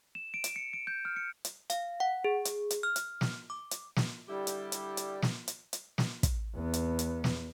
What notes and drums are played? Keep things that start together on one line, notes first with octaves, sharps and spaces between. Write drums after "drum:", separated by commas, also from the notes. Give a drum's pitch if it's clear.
E7
D7
drum: hi-hat
C#7
D7
G6
F6
C#7
drum: hi-hat
F5, drum: hi-hat
F#5
G#4
drum: hi-hat
drum: hi-hat
F6
drum: hi-hat
drum: snare
D6
drum: hi-hat
drum: snare
D3 G3 E4 G4
drum: hi-hat
drum: hi-hat
drum: hi-hat
drum: snare
drum: hi-hat
drum: hi-hat
drum: snare
drum: kick, hi-hat
E2 B3
drum: hi-hat
drum: hi-hat
drum: snare